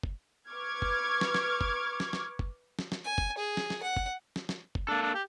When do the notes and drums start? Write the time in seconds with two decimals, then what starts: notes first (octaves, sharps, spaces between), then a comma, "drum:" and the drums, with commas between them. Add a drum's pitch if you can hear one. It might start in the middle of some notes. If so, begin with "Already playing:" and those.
0.03 drum: kick
0.50 B4 C#6 D6 F6 G#6
0.82 drum: kick
1.21 drum: snare
1.34 drum: snare
1.61 drum: kick
2.00 drum: snare
2.13 drum: snare
2.39 drum: kick
2.79 drum: snare
2.92 drum: snare
3.04 G#5
3.18 drum: kick
3.38 G#4
3.57 drum: snare
3.70 drum: snare
3.83 F#5
3.97 drum: kick
4.36 drum: snare
4.49 drum: snare
4.75 drum: kick
4.89 A#3 D4 A4
5.02 D4
5.14 G4